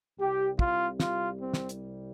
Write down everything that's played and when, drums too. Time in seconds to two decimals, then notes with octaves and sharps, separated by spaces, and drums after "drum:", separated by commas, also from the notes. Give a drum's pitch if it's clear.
0.19 C2 C3 G3 G4
0.59 F4, drum: kick
1.00 F4, drum: snare
1.40 C4
1.54 drum: snare
1.69 drum: hi-hat